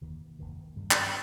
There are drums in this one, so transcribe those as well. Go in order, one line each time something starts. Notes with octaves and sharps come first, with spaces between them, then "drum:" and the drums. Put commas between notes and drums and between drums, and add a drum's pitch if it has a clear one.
F1 D#2 D#3
F1 D#2 D#3
G2 D#3 G3
drum: clap